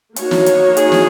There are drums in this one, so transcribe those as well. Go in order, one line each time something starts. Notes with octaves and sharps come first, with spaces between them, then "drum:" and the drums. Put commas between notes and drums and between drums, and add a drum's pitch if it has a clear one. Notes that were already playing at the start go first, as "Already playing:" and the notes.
A#3 D#4 F#4 C#5, drum: hi-hat
drum: snare
drum: hi-hat
G#4, drum: hi-hat
drum: snare